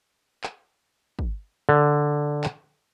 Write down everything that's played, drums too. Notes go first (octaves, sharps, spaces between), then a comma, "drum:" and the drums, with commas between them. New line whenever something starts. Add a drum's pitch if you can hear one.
drum: clap
drum: kick
D3
drum: clap